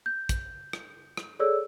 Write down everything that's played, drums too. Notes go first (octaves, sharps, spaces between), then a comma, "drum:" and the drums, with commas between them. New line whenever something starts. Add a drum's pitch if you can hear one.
G6
drum: kick, hi-hat
drum: rim click
drum: rim click
G#4 A4 C#5 D5 E6